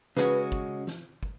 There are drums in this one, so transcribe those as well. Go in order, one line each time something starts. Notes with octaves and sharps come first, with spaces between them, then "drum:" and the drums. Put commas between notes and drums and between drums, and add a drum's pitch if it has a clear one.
C#3 G#3 C#4 F#4 B4, drum: snare
drum: kick
drum: snare
drum: kick